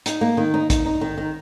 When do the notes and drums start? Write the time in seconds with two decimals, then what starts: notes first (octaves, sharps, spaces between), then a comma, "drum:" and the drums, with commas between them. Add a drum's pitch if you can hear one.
0.06 D#4, drum: hi-hat
0.21 A#3
0.37 D#3
0.54 D#4
0.70 D#4, drum: kick, hi-hat
0.86 D#4
1.01 D#3
1.18 D#3